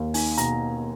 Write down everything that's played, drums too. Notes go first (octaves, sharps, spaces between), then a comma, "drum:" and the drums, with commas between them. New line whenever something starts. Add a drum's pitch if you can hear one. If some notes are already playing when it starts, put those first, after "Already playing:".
Already playing: D#2
D#4 G#5, drum: open hi-hat
B2 A#5, drum: hi-hat